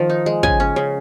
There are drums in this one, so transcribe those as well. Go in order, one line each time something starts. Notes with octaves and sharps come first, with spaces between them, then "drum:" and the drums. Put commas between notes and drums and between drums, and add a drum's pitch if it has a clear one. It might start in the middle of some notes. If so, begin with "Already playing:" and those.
Already playing: D#3 F3
D#4
G#3
C#3 G#5, drum: kick
C#4
C#3